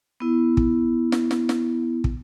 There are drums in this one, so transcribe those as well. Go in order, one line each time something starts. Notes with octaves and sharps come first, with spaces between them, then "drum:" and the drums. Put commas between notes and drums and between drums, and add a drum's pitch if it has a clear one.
B3 E4
drum: kick
drum: snare
drum: snare
drum: snare
drum: kick